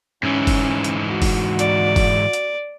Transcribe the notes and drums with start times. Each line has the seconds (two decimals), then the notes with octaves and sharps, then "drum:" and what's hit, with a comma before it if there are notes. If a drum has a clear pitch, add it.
0.23 G#2 E3 C#4
0.47 drum: kick F#1, open hi-hat
0.84 drum: hi-hat
1.10 F#4
1.22 drum: kick F#1, open hi-hat
1.59 D5, drum: hi-hat
1.96 drum: kick F#1, open hi-hat
2.33 drum: hi-hat